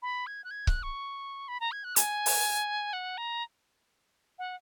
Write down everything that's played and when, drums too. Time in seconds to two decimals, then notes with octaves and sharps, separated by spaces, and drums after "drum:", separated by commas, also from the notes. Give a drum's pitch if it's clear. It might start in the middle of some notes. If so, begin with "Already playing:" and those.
0.02 B5
0.27 G#6
0.44 F#6
0.51 G#6
0.67 F#6, drum: kick C#1
0.83 C#6
1.48 B5
1.61 A#5
1.72 G#6
1.84 F#6
1.96 G#5, drum: hi-hat
2.26 drum: open hi-hat
2.93 F#5
3.18 A#5
4.39 F#5